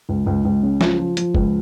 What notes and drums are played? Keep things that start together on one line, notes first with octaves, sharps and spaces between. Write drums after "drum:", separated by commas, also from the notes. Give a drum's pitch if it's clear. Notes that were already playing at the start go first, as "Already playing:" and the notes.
C#2
C#2
C#2
C#3
F3, drum: snare
F3
F3, drum: hi-hat
C#2, drum: kick